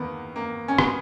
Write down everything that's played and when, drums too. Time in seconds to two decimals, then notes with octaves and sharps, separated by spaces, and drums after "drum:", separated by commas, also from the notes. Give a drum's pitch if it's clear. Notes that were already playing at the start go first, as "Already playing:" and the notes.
Already playing: E2 D#3 A#3 B3
0.36 A#3
0.68 C#4
0.79 B3, drum: rim click